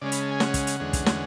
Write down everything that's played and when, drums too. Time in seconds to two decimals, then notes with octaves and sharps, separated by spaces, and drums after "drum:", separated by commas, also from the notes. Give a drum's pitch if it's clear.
0.01 C#3 G#3 C#4 D5
0.12 B5, drum: hi-hat
0.22 A5
0.31 G#5
0.40 F#5, drum: snare
0.54 drum: kick, hi-hat
0.67 drum: hi-hat
0.80 E2 D3 G#3 C#4
0.93 drum: kick, hi-hat
1.06 drum: snare